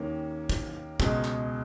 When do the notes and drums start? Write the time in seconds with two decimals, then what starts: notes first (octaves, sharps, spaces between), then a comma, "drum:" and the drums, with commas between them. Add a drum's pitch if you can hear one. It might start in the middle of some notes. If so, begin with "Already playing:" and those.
Already playing: D#2 D#3 A#3 C#4
0.50 drum: kick, hi-hat
1.00 C#2 B2 G#3, drum: kick, hi-hat
1.24 drum: clap